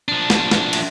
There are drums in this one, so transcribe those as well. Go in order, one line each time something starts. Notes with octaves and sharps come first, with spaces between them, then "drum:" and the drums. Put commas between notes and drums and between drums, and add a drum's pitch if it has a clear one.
F3 D4
drum: snare
drum: snare
drum: cymbal